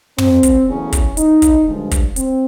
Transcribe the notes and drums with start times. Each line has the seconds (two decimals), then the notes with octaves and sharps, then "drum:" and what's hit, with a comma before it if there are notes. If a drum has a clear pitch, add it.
0.18 C4, drum: tom
0.43 drum: kick, hi-hat
0.68 E2 C#3 F#3 A3 C#4
0.92 drum: kick, hi-hat
1.17 D#4, drum: hi-hat
1.42 drum: kick, hi-hat
1.66 G2 D3 F3 G#3
1.91 drum: kick, hi-hat
2.16 C4, drum: hi-hat